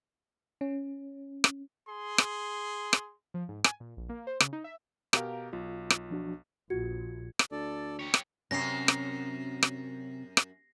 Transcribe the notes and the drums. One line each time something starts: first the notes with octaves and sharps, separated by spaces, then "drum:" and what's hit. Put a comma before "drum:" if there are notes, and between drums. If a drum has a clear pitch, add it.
C#4
drum: rim click
G#4 C6
drum: rim click
drum: rim click
F3
G#2
G#5, drum: rim click
A#2
A#1
A#3
C5
C#3, drum: rim click
D#4
E5
B2 G4 A#4 F5 A#5, drum: rim click
B1 F4
drum: rim click
F3 D4 F#4
A#1 F4 F#4 G#6 C#7
drum: rim click
D2 A4 D5
G4 C#5
drum: rim click
F#2 C3 C#4 A#6 C7
drum: rim click
drum: rim click
drum: rim click